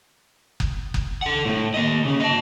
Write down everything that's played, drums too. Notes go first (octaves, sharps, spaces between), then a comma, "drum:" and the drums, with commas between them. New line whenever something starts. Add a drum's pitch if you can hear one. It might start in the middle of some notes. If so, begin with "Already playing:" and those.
drum: kick F#1
drum: kick F#1
A4 F#5
A2 A3
A#3 D#5
C#3 C#4
D#5 A5